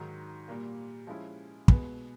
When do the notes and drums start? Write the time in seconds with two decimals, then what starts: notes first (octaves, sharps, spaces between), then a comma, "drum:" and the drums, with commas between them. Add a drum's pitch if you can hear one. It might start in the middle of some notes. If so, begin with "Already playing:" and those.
Already playing: G#2 D#3 F#3
0.48 A#2 G3 A#3
1.07 F3 G#3 C#4 E4
1.68 B2 G#3 B3, drum: kick